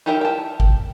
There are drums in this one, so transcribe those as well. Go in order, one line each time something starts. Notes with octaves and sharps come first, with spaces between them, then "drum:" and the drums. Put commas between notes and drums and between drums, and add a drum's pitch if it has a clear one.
D#4 E4 G4 A#4 E5
G5 A5
drum: kick G1